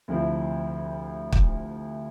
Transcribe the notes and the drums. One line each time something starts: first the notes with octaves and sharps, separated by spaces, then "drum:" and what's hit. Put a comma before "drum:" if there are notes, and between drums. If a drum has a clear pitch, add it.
D2 C3 F3 C4 E4
drum: kick